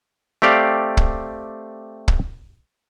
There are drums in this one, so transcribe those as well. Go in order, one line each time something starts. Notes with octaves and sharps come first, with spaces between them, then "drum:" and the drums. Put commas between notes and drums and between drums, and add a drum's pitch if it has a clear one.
A3 C4 G4 D5 F5
drum: kick
drum: kick